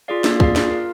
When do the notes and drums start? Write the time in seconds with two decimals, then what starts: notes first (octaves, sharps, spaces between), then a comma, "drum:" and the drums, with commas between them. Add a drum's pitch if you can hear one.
0.08 F4 G#4 D5 F5
0.24 A#3, drum: snare
0.40 F4 G#4 D5 F5, drum: kick
0.56 F4, drum: snare
0.70 A#4 F5